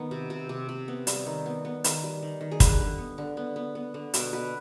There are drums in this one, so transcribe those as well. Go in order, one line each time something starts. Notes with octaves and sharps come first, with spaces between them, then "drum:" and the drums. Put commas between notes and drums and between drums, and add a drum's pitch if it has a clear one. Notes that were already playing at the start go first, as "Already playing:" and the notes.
Already playing: D#3 B3
C3
C3
C3
C3
B3
G3, drum: hi-hat
D#3
B3
B3
D#3, drum: hi-hat
G3
D#3
D#3
G#4
G3 B4, drum: kick, hi-hat
D3
B3
D3
B3
B3
B3
D3
B2, drum: hi-hat
B2 B4